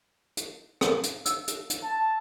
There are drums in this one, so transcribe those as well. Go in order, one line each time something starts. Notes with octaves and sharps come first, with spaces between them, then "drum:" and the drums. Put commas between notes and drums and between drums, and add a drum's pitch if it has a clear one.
drum: hi-hat
drum: rim click
drum: hi-hat
E6, drum: hi-hat
drum: hi-hat
drum: hi-hat
A5